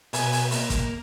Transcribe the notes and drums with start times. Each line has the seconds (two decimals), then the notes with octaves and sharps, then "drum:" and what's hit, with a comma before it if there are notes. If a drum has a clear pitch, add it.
0.13 B2 G#5, drum: open hi-hat
0.32 drum: open hi-hat
0.51 A#3, drum: open hi-hat
0.70 drum: kick, hi-hat